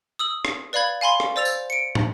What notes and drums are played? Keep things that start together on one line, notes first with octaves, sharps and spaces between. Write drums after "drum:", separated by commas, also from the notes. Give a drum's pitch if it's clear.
D#6 E6 F#7
drum: rim click
B4 D5 F5 B5 G#6
F5 G#5 B5 C6
drum: rim click
C5 D5 E6 A6 F7
drum: tambourine
C#7 D7
drum: tom